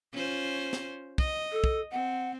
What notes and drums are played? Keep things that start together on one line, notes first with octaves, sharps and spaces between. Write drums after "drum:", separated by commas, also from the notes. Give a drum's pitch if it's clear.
C#4 F4 C5
drum: snare
D#5, drum: kick
A4
drum: kick
C4 F#5